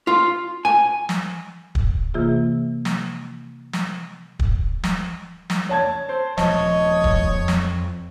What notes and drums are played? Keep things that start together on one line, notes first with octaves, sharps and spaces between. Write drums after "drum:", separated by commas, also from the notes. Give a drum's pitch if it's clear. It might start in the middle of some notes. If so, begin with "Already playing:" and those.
F4
G#5
drum: snare
drum: kick
C3 E3 A#3 F4 G#4
drum: snare
drum: snare
drum: kick
drum: snare
drum: snare
C#5 A5 G#6
C5
D#1 F3 C#5 D#5 A5, drum: snare
drum: kick
F2
drum: snare